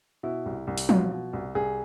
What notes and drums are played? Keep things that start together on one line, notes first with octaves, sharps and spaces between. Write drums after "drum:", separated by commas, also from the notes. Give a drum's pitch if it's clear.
B2 E4
C2
C2
drum: open hi-hat
B2 F4, drum: tom F3
B2
C2
C2 G#4